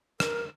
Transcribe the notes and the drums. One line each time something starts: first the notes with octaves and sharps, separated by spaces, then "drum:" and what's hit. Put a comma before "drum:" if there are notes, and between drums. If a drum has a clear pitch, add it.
A#4, drum: rim click